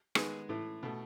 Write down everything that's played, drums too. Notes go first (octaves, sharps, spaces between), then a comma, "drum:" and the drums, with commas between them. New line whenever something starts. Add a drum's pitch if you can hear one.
D#3 G#3 B3 G#4, drum: rim click
A2 E3 A3
B2 A3